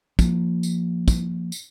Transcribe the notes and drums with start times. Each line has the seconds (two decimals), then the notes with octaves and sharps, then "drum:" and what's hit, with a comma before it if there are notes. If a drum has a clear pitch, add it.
0.19 F3 A#3, drum: kick, tambourine
0.63 drum: tambourine
1.08 drum: kick, tambourine
1.52 drum: tambourine